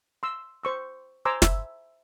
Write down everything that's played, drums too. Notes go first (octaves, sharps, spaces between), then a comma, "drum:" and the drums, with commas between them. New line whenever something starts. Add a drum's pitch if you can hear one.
C6 E6
C5 C#6 E6
C5 G#5 A#5 C6 D6 E6
E5, drum: snare